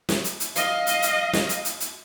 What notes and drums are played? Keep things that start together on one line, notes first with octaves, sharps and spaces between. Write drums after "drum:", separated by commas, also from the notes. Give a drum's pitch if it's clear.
drum: snare
drum: hi-hat
drum: hi-hat
D#5 F5, drum: hi-hat
drum: hi-hat
drum: hi-hat
drum: snare
drum: hi-hat
drum: hi-hat
drum: hi-hat